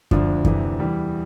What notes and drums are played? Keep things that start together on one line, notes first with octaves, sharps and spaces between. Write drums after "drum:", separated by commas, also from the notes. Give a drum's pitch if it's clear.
D2 D3 F3 D4, drum: kick F#2
D2 C3 E3, drum: kick F#2
E2 E3 G3